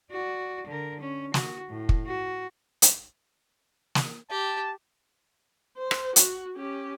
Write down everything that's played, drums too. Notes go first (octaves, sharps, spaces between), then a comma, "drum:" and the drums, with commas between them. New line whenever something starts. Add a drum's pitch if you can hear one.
F#4 D5
D3 A#4
C#4
F#4, drum: snare
A2
drum: kick
F#4
drum: hi-hat
drum: snare
G4 A5
C5
drum: rim click
F#4, drum: hi-hat
C#4 G4